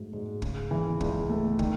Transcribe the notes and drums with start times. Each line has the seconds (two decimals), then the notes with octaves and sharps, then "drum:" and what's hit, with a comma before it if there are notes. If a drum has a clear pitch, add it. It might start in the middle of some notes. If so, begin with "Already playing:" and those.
Already playing: G#2 F#3 A3
0.13 G#2
0.42 C#3, drum: kick
0.71 E3
1.00 C#2, drum: kick
1.30 A3
1.59 D#3, drum: kick